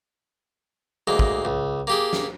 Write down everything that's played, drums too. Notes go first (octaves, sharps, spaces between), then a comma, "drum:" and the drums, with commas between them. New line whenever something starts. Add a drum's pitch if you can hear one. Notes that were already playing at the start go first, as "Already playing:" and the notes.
D2 G#3 A#3
drum: kick
C#2
A#3 G4 G#4
drum: snare